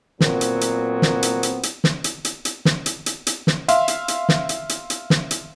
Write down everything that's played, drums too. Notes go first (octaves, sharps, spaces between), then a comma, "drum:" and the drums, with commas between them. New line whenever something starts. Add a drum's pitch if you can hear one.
A#2 F#3 B3 C4, drum: snare
drum: hi-hat
drum: hi-hat
drum: snare
drum: hi-hat
drum: hi-hat
drum: hi-hat
drum: snare
drum: hi-hat
drum: hi-hat
drum: hi-hat
drum: snare
drum: hi-hat
drum: hi-hat
drum: hi-hat
drum: snare
E5 F5 C6, drum: hi-hat
drum: hi-hat
drum: hi-hat
drum: snare
drum: hi-hat
drum: hi-hat
drum: hi-hat
drum: snare
drum: hi-hat